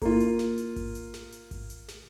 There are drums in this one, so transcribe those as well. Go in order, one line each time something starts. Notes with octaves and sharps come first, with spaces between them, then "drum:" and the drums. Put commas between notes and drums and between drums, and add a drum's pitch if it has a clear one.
A#3 F4, drum: kick G#1, open hi-hat
drum: hi-hat
drum: snare
drum: hi-hat
drum: kick G#1, open hi-hat
drum: hi-hat
drum: snare
drum: hi-hat
drum: kick G#1, open hi-hat
drum: hi-hat
drum: snare